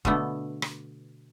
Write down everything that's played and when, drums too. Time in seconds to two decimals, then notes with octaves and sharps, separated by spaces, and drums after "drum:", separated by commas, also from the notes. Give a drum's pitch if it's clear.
0.05 B2 D3 A3 B3, drum: kick F1
0.62 drum: rim click